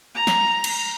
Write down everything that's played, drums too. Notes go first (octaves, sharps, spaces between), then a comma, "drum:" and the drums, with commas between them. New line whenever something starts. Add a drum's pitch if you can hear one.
A#5
drum: snare
drum: cymbal